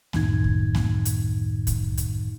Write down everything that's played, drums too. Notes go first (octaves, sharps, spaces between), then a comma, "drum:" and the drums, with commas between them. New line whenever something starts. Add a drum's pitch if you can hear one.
C#2 F#2 A2 D#3 D#4 G#6, drum: snare A#3
drum: kick C2
drum: snare A#3
drum: hi-hat
drum: kick C2, hi-hat
drum: hi-hat